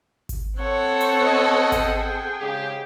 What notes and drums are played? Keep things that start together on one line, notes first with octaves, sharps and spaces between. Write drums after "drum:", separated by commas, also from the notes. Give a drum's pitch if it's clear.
drum: kick G#1, hi-hat
C4 A4 C#5 F#5
drum: hi-hat
D#5
G#4 G5, drum: kick G#1, hi-hat
G#2 C#3 G4